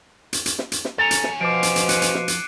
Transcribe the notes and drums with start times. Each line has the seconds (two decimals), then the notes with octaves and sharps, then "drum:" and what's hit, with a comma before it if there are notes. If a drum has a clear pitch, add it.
0.33 drum: hi-hat
0.46 drum: hi-hat
0.59 drum: snare
0.72 drum: hi-hat
0.85 drum: snare
0.98 E2 C#4 A4 A#5
1.11 drum: hi-hat
1.24 drum: snare
1.41 B2 F3 C5 F5 D6 C7 D7
1.63 drum: hi-hat
1.76 drum: hi-hat
1.89 F#6 C#7 D#7, drum: hi-hat
2.02 drum: hi-hat
2.15 drum: snare
2.28 drum: hi-hat